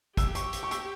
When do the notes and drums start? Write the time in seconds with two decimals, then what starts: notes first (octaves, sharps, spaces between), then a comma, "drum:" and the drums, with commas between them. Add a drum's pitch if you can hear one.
0.17 G4 E6, drum: kick, hi-hat
0.35 C#6, drum: hi-hat
0.53 drum: hi-hat
0.63 C#6
0.71 E6, drum: hi-hat